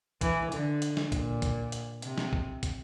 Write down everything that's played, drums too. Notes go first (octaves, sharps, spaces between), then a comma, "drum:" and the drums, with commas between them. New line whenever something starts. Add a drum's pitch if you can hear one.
E3, drum: kick, hi-hat
D3, drum: hi-hat
drum: hi-hat
drum: snare
A#2, drum: kick, hi-hat
drum: kick, hi-hat
drum: hi-hat
C3, drum: hi-hat
drum: snare
drum: kick
drum: kick, hi-hat